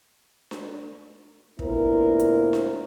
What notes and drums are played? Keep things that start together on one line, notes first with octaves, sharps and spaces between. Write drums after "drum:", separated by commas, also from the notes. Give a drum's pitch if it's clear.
drum: snare D4
D2 A#2 B3 E4 A#4 C5, drum: kick
drum: hi-hat
drum: snare D4